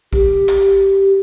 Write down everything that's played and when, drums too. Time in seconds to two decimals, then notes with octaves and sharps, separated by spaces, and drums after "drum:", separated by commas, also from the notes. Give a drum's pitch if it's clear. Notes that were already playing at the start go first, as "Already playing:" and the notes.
0.13 G4, drum: kick A#1
0.49 drum: clap